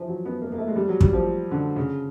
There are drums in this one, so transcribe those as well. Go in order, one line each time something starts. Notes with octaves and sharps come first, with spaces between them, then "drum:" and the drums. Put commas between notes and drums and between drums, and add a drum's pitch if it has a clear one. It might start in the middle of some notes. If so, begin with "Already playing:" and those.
Already playing: E3 F3
F#3
B3
A#3
A#3
A3
G#3
G3
F#3
G3, drum: kick
F3
D3
C#3